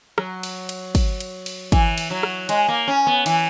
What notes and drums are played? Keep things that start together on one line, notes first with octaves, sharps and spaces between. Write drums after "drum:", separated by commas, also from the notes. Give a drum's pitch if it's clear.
F#3, drum: rim click
drum: cymbal
drum: cymbal
drum: kick, cymbal
drum: cymbal
drum: cymbal
E3, drum: kick, cymbal
drum: cymbal
F#3
drum: rim click
G#3, drum: cymbal
A#3
C#4
B3
E3, drum: cymbal